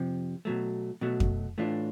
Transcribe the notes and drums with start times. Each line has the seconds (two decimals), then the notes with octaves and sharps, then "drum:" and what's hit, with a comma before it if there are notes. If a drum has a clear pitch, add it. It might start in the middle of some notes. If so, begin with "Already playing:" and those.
Already playing: F2 C3 F3
0.45 B2 F#3 A3
1.01 B2 F#3 A3
1.20 drum: kick F2
1.58 A2 E3 A3 D4 F4